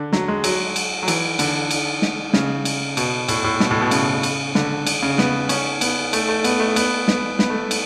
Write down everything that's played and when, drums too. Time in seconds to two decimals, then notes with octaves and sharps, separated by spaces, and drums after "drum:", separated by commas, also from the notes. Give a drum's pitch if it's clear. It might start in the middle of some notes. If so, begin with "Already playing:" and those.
Already playing: D3
0.13 F#3, drum: snare
0.28 G#3
0.44 F#3, drum: cymbal
0.76 drum: cymbal
1.03 F#3
1.08 E3, drum: cymbal
1.39 D3, drum: cymbal
1.71 drum: cymbal
2.02 drum: snare
2.33 C#3, drum: snare
2.65 drum: cymbal
2.97 B2, drum: cymbal
3.28 A2, drum: cymbal
3.44 A2
3.60 B2, drum: snare
3.71 A2
3.81 B2
3.91 C#3, drum: cymbal
4.23 drum: cymbal
4.55 D3, drum: snare
4.86 drum: cymbal
5.02 C#3
5.18 B3, drum: snare
5.49 C#4, drum: cymbal
5.81 B3, drum: cymbal
6.13 A3, drum: cymbal
6.28 A3
6.44 B3, drum: cymbal
6.60 A3
6.76 B3, drum: cymbal
7.08 B3, drum: snare
7.39 B3, drum: snare
7.50 A3
7.71 drum: cymbal